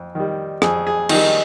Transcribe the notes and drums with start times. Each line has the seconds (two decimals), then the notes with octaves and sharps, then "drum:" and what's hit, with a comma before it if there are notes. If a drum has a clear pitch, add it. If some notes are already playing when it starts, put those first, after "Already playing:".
Already playing: F2
0.15 D#3 G3
0.62 F2 G#4, drum: rim click
0.87 G#4
1.09 D#3 G3 D#4, drum: cymbal